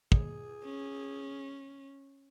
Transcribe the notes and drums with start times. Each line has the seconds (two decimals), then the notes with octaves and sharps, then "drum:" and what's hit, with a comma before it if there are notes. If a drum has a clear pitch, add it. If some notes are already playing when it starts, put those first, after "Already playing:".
0.12 G#4, drum: kick
0.65 C#4